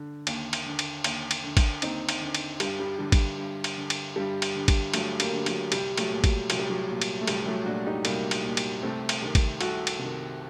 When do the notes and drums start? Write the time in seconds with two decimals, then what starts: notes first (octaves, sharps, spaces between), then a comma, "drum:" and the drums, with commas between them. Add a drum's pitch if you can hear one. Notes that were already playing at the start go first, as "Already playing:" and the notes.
Already playing: D3
0.27 D#2, drum: cymbal
0.53 drum: cymbal
0.66 D3
0.79 drum: cymbal
1.04 D#2, drum: cymbal
1.31 drum: cymbal
1.44 D3
1.57 drum: kick G#1, cymbal
1.82 D#2 C4 D#4, drum: cymbal
2.09 drum: cymbal
2.21 D3
2.35 drum: cymbal
2.60 G2 G3, drum: cymbal
2.80 G3
2.99 D3 G3
3.12 drum: kick G#1, cymbal
3.38 G2
3.64 drum: cymbal
3.78 D3
3.90 drum: cymbal
4.16 G2 G3
4.42 drum: cymbal
4.55 D3
4.68 drum: kick G#1, cymbal
4.94 G2 F#3 A3, drum: cymbal
5.20 G3 A#3, drum: cymbal
5.33 D3
5.46 F#3, drum: cymbal
5.72 C2 G3, drum: cymbal
5.98 F#3 A3, drum: cymbal
6.10 A#2
6.24 drum: kick G#1, cymbal
6.50 C2 F#3, drum: cymbal
6.59 G3
6.70 F#3
6.89 A#2
7.01 drum: cymbal
7.21 A3
7.28 C2 G3, drum: cymbal
7.42 G3
7.46 F#3 A3
7.66 A#2 D4 F#4
7.86 D#4 G4
8.05 C2 G3 A#3, drum: cymbal
8.31 drum: cymbal
8.44 A#2
8.57 drum: cymbal
8.83 C2 A3 C4
9.09 drum: cymbal
9.22 C3 D#3
9.35 drum: kick G#1, cymbal
9.61 C2 F#4 A4, drum: cymbal
9.87 drum: cymbal
9.99 C3
10.04 D#3